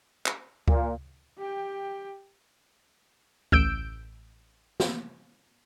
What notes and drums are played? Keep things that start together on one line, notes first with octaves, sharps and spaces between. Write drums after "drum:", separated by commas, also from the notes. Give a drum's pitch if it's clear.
drum: clap
A#2, drum: kick C#2
G4 G5
A1 E6 G6 D7, drum: kick C#2
drum: snare